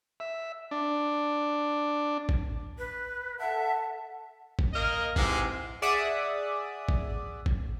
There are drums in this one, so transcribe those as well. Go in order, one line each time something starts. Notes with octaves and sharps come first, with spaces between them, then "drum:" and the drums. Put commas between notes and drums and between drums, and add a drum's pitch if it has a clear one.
E5
D4
drum: kick
B4
A4 E5 F#5 A5
drum: kick
A#3 A#4 D#5
G#2 C3 E3 G#3, drum: kick
G#4 D5 E5 F#5 D#6 F#6
drum: kick
drum: kick